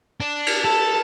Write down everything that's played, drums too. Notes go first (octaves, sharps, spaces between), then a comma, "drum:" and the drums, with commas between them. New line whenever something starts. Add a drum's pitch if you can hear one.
D4
drum: cymbal
A4 A5